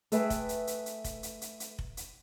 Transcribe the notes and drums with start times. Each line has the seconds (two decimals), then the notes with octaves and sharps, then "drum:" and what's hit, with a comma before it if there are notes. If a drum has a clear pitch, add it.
0.12 A3 G#4 B4 E5 G5, drum: hi-hat
0.30 drum: kick F1, hi-hat
0.49 drum: hi-hat
0.67 drum: hi-hat
0.86 drum: hi-hat
1.04 drum: kick F1, hi-hat
1.23 drum: hi-hat
1.41 drum: hi-hat
1.60 drum: hi-hat
1.79 drum: kick F1
1.97 drum: hi-hat